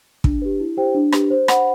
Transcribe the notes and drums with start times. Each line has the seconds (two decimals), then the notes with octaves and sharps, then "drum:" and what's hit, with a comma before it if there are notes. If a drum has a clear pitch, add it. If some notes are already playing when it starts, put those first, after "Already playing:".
0.24 D4, drum: kick
0.42 G4 B4
0.60 E4
0.77 G4 C5 G5
0.94 D4
1.12 G4 B4, drum: rim click
1.30 C5
1.48 F#5 B5, drum: rim click